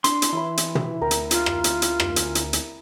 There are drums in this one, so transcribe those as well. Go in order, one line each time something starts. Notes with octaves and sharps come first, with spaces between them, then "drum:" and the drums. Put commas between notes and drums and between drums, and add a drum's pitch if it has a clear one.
D4 C6, drum: hi-hat
drum: hi-hat
E3 E4 E5 B5
drum: hi-hat
drum: tom
D2 A#4 G5
drum: hi-hat
F4, drum: hi-hat
drum: rim click
drum: hi-hat
drum: hi-hat
drum: rim click
G#5, drum: hi-hat
drum: hi-hat
drum: hi-hat